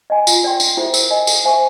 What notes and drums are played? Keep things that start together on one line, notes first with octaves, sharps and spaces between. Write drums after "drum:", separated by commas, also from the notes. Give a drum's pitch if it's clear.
D#5 G#5 C6
F4, drum: tambourine
A#4 D5 G5 C6
C#4, drum: tambourine
E4 A4 C5 E5
A#4, drum: tambourine
D#5 G#5
A4, drum: tambourine
C5 E5 G#5 C#6